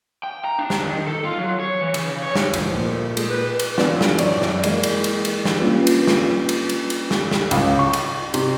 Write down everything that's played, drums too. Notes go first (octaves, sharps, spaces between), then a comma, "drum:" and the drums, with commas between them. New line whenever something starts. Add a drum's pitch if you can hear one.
G5
A#5
D4
drum: snare
D#3
A4
F4
F#3
C#5
E3
C#3, drum: cymbal
C#5
drum: snare
D2 G#2 E3 F3, drum: cymbal
A#2
A3
G#3, drum: cymbal
B4
drum: cymbal
E3 F#3 B3 D4 F4, drum: snare
drum: snare
F#2 A2 C#5 D5, drum: cymbal
F#2, drum: snare
E3 G#3 A#3, drum: cymbal
drum: cymbal
drum: cymbal
drum: cymbal
drum: snare
G3 A#3 C#4 D4 F4 B4
drum: cymbal
drum: snare
drum: cymbal
drum: cymbal
drum: cymbal
drum: snare
drum: snare
C#2, drum: cymbal
C#6
drum: cymbal
C3, drum: cymbal